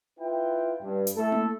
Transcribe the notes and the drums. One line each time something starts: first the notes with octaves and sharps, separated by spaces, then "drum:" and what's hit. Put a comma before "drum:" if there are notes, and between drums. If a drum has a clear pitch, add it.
E4 F4 B4 G5
G2
drum: hi-hat
A3 E4 A4
drum: tom A#3